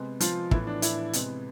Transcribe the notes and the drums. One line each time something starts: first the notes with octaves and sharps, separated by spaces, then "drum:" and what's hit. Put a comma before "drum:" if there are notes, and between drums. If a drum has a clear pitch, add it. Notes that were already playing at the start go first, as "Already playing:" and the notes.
Already playing: C3 G#3 B3
F3 F4, drum: hi-hat
A2 E3 B3 E4, drum: kick
D4
E4, drum: hi-hat
C3 G#3 B3, drum: hi-hat